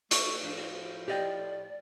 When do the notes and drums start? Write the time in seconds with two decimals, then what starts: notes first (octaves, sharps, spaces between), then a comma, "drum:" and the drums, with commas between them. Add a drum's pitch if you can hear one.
0.11 A3 C#6, drum: hi-hat
0.43 A2 F3 D4
0.56 F#4
1.08 G4 D5 D#5 G5